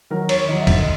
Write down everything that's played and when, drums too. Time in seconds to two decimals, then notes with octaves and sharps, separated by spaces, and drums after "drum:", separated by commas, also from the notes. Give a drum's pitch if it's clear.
0.10 D#3 F#3 A#4
0.29 D#2 C#5, drum: cymbal
0.48 D#3 F#3 D#5
0.62 E5
0.67 D2, drum: kick F#1, cymbal
0.73 D#5